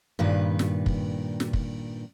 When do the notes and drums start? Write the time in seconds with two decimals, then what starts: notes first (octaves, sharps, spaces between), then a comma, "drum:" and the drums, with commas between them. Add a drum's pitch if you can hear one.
0.19 G2 A#2 D#3 B4
0.59 drum: snare
0.86 drum: kick
1.40 drum: snare
1.53 drum: kick